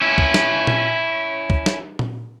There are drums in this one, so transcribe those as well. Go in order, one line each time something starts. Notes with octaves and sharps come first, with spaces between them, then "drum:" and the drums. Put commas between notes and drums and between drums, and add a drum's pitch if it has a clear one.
C#4 E4
drum: kick
drum: snare
drum: tom A#2
drum: kick
drum: snare
drum: tom A#2